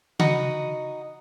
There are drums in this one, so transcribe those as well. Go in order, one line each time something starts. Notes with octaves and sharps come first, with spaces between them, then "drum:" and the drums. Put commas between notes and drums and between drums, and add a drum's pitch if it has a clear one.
D#4 F#4 D#5 B5, drum: tom C#3